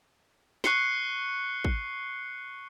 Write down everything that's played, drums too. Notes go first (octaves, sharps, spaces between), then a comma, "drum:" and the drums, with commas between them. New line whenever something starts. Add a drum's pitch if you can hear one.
C#6 F#6 C7 C#7 G7, drum: snare
drum: kick